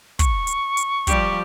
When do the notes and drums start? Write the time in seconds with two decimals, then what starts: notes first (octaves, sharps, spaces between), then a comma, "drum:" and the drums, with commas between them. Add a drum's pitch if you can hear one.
0.19 C#6, drum: kick, hi-hat
0.47 drum: hi-hat
0.77 drum: hi-hat
1.07 F3 G3 G4, drum: kick, hi-hat